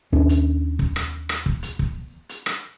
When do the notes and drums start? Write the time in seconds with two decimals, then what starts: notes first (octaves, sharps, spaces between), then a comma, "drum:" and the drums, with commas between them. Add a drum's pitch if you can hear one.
0.12 D#2 C#4 D4
0.29 drum: hi-hat
0.79 drum: kick
0.96 drum: rim click
1.29 drum: rim click
1.46 drum: kick
1.63 drum: hi-hat
1.79 drum: kick
2.29 drum: hi-hat
2.46 drum: rim click